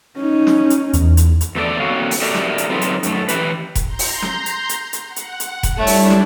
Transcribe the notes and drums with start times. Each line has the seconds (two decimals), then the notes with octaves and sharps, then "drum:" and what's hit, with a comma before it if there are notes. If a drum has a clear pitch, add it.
0.18 C#4 D#4
0.47 drum: snare
0.70 drum: hi-hat
0.93 E2, drum: hi-hat
1.17 drum: hi-hat
1.41 drum: hi-hat
1.55 E2 A3 C4 A4 D5
1.80 A#3 C4 F#4 A4 C#5 F5
2.11 drum: open hi-hat
2.22 F#4 G4 A4 A#4 D5 E5
2.35 drum: snare
2.58 drum: hi-hat
2.69 F#3 C4 D#4 F4 A4 B4
2.81 drum: hi-hat
3.03 F#2 A3, drum: hi-hat
3.28 E3 G4 B4, drum: hi-hat
3.75 drum: kick F1, hi-hat
3.86 A#5 C6 G6
3.99 drum: open hi-hat
4.22 drum: snare
4.46 drum: hi-hat
4.69 drum: hi-hat
4.93 drum: hi-hat
5.05 F#5
5.16 drum: hi-hat
5.40 drum: hi-hat
5.63 drum: kick F1, hi-hat
5.76 G3 A3 D4 E4 C#5
5.87 drum: open hi-hat
6.10 drum: snare